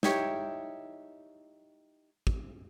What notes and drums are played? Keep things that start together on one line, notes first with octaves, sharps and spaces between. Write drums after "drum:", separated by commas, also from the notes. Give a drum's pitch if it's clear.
D#4 E4 G4 C#5, drum: snare
drum: kick